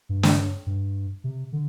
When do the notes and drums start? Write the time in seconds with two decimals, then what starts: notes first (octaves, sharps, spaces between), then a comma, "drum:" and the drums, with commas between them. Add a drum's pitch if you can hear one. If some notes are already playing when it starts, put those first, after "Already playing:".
0.09 G2
0.23 drum: snare
0.66 G2
1.24 C3
1.53 D3